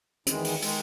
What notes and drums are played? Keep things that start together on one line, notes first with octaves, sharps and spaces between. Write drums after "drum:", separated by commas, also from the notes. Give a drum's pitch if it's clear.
E2 D#3 G#3, drum: hi-hat
drum: open hi-hat
D#3 G#3, drum: open hi-hat